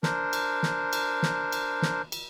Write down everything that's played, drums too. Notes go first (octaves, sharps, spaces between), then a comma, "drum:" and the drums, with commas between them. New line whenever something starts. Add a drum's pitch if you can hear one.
D4 A#4 C5, drum: snare
drum: cymbal
drum: snare
drum: cymbal
drum: snare
drum: cymbal
drum: snare
drum: cymbal